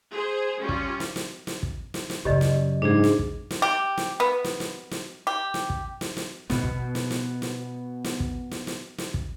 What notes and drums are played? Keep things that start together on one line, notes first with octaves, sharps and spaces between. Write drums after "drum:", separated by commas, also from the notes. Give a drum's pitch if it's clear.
G#4 C5
G3 C#4 F4
drum: kick
drum: snare
drum: snare
drum: snare
drum: kick
drum: snare
drum: snare
F#2 C#3 G4 D5 D#5
drum: snare
G#2 D4 G#4
drum: snare
drum: kick
drum: snare
G4
drum: snare
B3
drum: snare
drum: snare
drum: snare
G4
drum: snare
drum: kick
drum: snare
drum: snare
B2 B3, drum: snare
drum: kick
drum: snare
drum: snare
drum: snare
drum: snare
drum: kick
drum: snare
drum: snare
drum: snare
drum: kick